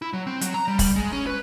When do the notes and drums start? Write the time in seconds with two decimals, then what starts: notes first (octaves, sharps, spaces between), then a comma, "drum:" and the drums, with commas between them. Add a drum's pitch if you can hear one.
0.02 E4
0.13 F#3
0.27 C4
0.41 F#3, drum: hi-hat
0.54 A#5
0.68 G3
0.79 G3, drum: kick, open hi-hat
0.96 G#3
1.12 C#4
1.27 B4